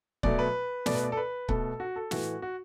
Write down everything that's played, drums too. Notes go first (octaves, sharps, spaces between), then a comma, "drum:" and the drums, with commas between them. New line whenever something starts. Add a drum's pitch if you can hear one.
B2 F#3 A3 D5, drum: kick C#1
B4
B2 A3 D5, drum: snare
B4
D5
A4
B4
B2 A3 A4, drum: kick C#1
F#4
A4
A2 E3 A3 F#4, drum: snare
F#4